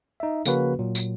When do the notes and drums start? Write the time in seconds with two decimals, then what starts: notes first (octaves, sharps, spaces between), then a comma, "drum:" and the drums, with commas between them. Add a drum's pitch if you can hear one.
0.20 D#4 E5
0.46 C#3 F3 A#3 C#4 F#4 B4, drum: tambourine
0.79 A#2 F#3
0.95 drum: tambourine